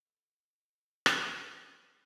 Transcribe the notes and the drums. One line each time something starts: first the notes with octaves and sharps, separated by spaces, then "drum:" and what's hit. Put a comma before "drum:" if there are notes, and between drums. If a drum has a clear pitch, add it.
A3 B3 E4 A4 B4 D5
drum: rim click